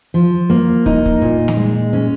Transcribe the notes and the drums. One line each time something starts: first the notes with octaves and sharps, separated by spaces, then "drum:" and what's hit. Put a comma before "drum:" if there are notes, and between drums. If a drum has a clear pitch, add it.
F3
A#3
D#4, drum: kick
drum: kick
A#2
drum: snare
G#3
C#4